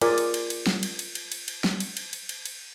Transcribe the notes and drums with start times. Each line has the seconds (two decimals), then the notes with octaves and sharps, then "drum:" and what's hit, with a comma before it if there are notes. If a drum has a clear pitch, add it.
0.01 F4 G#4 A#4 D5 G#5, drum: cymbal
0.18 drum: cymbal
0.34 drum: cymbal
0.50 drum: cymbal
0.67 drum: snare
0.83 drum: cymbal
0.99 drum: cymbal
1.15 drum: cymbal
1.32 drum: cymbal
1.48 drum: cymbal
1.64 drum: snare
1.80 drum: cymbal
1.97 drum: cymbal
2.13 drum: cymbal
2.29 drum: cymbal
2.45 drum: cymbal